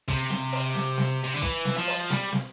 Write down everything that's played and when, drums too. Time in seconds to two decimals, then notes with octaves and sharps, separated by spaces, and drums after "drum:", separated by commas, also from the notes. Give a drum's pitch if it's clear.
0.08 C3, drum: kick, hi-hat
0.30 drum: snare
0.53 drum: open hi-hat
0.75 drum: snare
0.98 drum: snare
1.24 C3
1.33 D3
1.42 E3, drum: kick, hi-hat
1.65 drum: snare
1.77 F3
1.88 drum: open hi-hat
2.10 G3, drum: snare
2.33 drum: snare